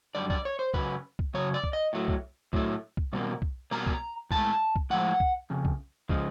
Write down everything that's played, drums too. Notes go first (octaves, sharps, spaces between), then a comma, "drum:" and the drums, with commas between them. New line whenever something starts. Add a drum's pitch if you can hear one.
F#2 D3 G3 D5
D5, drum: kick
C#5
C5
F#2 C#3 F#3 B4, drum: kick
drum: kick
F#2 C#3 F#3 C#5
D5
drum: kick
D#5
A2 F#3 A3
drum: kick
A2 F#3 A3, drum: kick
drum: kick
B2 G3 A#3
drum: kick
B2 G3 A#3 A#5
drum: kick
A2 F3 G#3 A5, drum: kick
drum: kick
A2 F3 G#3 F#5
drum: kick
F2 C#3
drum: kick
C#3 F3 G#3, drum: kick